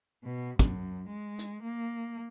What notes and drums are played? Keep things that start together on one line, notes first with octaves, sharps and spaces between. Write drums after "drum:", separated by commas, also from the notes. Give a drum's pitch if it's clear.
B2
F#2, drum: kick, hi-hat
G#3
drum: hi-hat
A#3